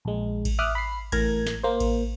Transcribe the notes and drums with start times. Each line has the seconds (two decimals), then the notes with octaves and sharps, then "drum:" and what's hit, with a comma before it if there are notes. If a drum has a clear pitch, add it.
0.05 A#1 G#3
0.45 drum: kick A1, cymbal
0.59 E5 D6 D#6 F6 F#6
0.75 B5 C7
1.12 A1 A2 A#4 A#5 G#6, drum: kick A1, cymbal
1.47 drum: snare
1.63 A#3 C5
1.80 drum: kick A1, cymbal